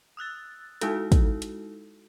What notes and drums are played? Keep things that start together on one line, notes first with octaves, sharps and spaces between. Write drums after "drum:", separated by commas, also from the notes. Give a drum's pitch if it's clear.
D#6 E6 F#6 A6
G#3 D#4 E4 F#4 A4, drum: hi-hat
drum: kick, hi-hat
drum: hi-hat